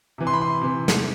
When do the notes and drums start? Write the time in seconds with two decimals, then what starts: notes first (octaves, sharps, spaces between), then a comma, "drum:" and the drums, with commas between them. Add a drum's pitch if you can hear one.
0.18 C3 E3
0.27 C6
0.34 B5
0.41 C6
0.61 C3 E3
0.88 drum: snare